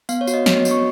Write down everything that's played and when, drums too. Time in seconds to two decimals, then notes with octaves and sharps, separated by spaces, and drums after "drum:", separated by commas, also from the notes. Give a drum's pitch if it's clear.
0.09 B3 F5, drum: tambourine
0.21 C#5
0.27 F#4, drum: tambourine
0.34 D#5
0.46 B3 C#5, drum: snare
0.59 D#5
0.65 F#4, drum: tambourine
0.71 C#6